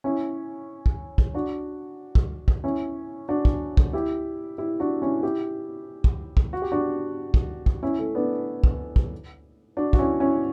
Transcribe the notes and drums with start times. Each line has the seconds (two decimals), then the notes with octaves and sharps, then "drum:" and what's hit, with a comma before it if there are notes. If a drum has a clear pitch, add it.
0.04 C#4 E4
0.86 drum: kick
1.18 drum: kick
1.34 D4 F#4
2.15 drum: kick
2.48 drum: kick
2.64 C#4 E4
3.29 D4 F#4
3.45 drum: kick
3.77 drum: kick
3.93 E4 G4
4.58 E4 G4
4.80 D4 F#4
5.02 C#4 E4
5.23 E4 G4
6.04 drum: kick
6.37 drum: kick
6.53 F#4
6.62 G4
6.72 D4 F#4
7.34 drum: kick
7.66 drum: kick
7.83 C#4 E4
7.99 A3 C#4
8.15 B3 D4
8.64 drum: kick
8.96 drum: kick
9.77 D4 F#4
9.93 F#4, drum: kick
9.98 C#4 E4
10.20 C#4 E4